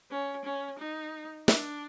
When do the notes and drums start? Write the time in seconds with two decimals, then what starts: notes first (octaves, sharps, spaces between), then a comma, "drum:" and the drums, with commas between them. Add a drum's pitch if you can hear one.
0.11 C#4
0.45 C#4
0.79 D#4
1.48 D4, drum: snare